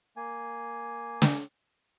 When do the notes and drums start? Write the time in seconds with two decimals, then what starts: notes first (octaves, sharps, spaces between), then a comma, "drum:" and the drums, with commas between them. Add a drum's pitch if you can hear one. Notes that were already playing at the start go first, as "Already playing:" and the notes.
0.16 A#3 G#5
1.22 drum: snare